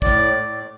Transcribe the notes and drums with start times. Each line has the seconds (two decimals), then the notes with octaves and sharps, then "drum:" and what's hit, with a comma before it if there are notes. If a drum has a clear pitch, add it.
0.02 A2 D5, drum: kick
0.34 A2